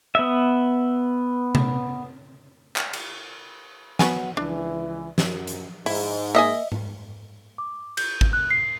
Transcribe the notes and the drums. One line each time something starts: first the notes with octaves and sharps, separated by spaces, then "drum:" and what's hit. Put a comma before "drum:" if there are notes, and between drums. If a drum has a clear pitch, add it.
B3 E5
drum: tom C3
drum: clap
drum: cymbal
F#3 B3 G#5, drum: snare
C#2 E3 D4
F#2, drum: snare
drum: hi-hat
G#2 E4, drum: open hi-hat
A#3 D#5 E5 G#5
drum: tom G#2
D6
G6, drum: cymbal
drum: kick
F#6
C7